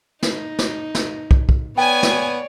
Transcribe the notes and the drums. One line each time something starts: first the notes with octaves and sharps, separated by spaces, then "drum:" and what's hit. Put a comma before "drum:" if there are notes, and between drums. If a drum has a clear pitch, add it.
D#4, drum: snare
drum: snare
drum: snare
drum: kick
drum: kick
B3 C#5 D5 G5 G#5
drum: snare